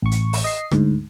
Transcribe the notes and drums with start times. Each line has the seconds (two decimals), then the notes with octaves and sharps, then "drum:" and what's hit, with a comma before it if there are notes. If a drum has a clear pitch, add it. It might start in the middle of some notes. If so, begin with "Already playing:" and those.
0.02 A1 C#6
0.11 drum: hi-hat
0.33 drum: open hi-hat
0.44 D#5 C7
0.71 D2 G#2, drum: rim click